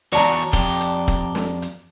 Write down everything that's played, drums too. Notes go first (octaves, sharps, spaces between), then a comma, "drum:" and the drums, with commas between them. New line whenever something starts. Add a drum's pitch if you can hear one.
E2 F#4 C#5 D5 A5 A#5
F2 G4, drum: kick, hi-hat
drum: hi-hat
drum: kick, hi-hat
drum: snare
drum: hi-hat